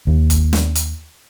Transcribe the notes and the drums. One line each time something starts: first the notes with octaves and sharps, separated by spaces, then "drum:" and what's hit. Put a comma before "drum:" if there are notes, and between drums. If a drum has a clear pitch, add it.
D#2
drum: kick F#1, hi-hat
drum: snare
drum: hi-hat